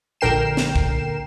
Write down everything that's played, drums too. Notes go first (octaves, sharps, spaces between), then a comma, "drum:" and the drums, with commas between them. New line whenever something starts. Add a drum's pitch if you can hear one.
A#1 D3 A#4 G5 C7 E7
drum: snare
drum: kick